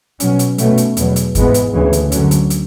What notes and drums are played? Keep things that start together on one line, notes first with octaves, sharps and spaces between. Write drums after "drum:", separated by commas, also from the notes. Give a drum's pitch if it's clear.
B2 F#3 C#4, drum: hi-hat
drum: hi-hat
B2 A3 C#4, drum: hi-hat
drum: hi-hat
E2 B2 F#3, drum: hi-hat
drum: hi-hat
G#2 E3 G#3 B3, drum: kick, hi-hat
drum: hi-hat
D2 C#3 E3
drum: hi-hat
F#2 D3 F#3 C#4, drum: hi-hat
drum: hi-hat
drum: hi-hat